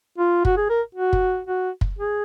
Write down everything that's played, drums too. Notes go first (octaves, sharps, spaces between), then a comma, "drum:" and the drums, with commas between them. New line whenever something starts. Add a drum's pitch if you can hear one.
F4
F#4, drum: kick
G#4
A#4
F#4
drum: kick
F#4
drum: kick
G#4